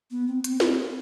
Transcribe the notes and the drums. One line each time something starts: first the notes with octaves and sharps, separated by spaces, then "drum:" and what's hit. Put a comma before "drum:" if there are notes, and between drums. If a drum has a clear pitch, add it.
B3
C4
C4, drum: hi-hat
C4, drum: snare